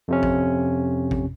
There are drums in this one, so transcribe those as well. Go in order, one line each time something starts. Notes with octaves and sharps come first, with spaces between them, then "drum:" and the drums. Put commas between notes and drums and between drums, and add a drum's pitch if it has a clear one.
F2 C3 C#4
drum: kick A1
drum: kick A1